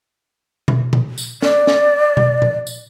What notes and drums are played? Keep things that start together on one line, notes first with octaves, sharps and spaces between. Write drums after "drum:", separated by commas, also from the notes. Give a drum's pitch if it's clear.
drum: tom B2
drum: tom A#2
drum: tambourine
D5, drum: snare
drum: snare
drum: tom B2
drum: tom A#2
drum: tambourine